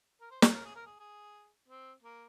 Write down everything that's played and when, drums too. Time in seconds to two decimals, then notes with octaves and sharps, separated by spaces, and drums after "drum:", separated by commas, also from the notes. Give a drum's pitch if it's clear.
0.21 A#4
0.31 C5
0.42 A#4, drum: snare
0.54 A#4
0.65 G#4
0.76 A#4
0.86 G#4
1.00 G#4
1.68 C4
2.03 A#3